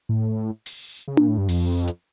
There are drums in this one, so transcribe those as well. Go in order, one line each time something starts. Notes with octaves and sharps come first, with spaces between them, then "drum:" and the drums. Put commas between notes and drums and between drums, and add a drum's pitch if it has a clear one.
A2
drum: open hi-hat
C#3
A#2, drum: tom D4
A2
G2
F2, drum: open hi-hat
drum: hi-hat